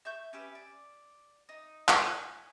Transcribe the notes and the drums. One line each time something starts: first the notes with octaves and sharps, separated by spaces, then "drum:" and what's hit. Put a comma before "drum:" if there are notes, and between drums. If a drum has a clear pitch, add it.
E5 C#6 G6
C#4 G4 B4 E5
D5
D#4
G#5, drum: clap